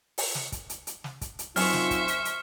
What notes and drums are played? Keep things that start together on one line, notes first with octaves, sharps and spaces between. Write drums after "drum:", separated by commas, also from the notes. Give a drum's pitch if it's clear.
drum: open hi-hat
drum: snare
drum: kick, hi-hat
drum: hi-hat
drum: hi-hat
drum: snare
drum: kick, hi-hat
drum: hi-hat
F#2 C4 D#4 F4 C5 E5 C#6 F6, drum: open hi-hat
drum: snare
drum: kick, hi-hat
drum: hi-hat
drum: hi-hat